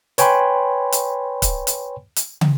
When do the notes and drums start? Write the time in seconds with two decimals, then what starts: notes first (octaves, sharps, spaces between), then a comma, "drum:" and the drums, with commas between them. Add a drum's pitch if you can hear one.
0.18 B4 C#5 G5 G#5 B5 C6, drum: hi-hat
0.92 drum: hi-hat
1.42 drum: kick, hi-hat
1.67 drum: hi-hat
2.16 drum: hi-hat
2.41 drum: tom